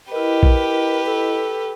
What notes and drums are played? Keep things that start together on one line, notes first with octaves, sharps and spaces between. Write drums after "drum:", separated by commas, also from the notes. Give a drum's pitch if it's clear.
E4 G4 A#4 B4 D#5
drum: kick A#1
A4